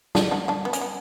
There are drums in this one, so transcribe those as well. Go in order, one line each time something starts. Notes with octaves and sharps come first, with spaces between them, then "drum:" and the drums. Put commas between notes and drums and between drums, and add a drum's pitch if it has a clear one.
D4 F#4, drum: snare
D4 F#4
D4 F#4
B3
C#4, drum: hi-hat
B3